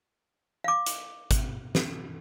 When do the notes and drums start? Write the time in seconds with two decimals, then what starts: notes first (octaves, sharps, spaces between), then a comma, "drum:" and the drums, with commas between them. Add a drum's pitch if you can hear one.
0.64 F5 D6
0.86 drum: hi-hat
1.31 drum: kick, hi-hat
1.75 drum: snare